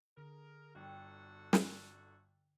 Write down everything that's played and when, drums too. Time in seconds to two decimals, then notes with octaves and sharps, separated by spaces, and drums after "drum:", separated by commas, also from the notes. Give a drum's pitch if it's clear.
0.17 D3 G#4 A#4
0.75 G1 D4 F#4 A4 G5
1.53 drum: snare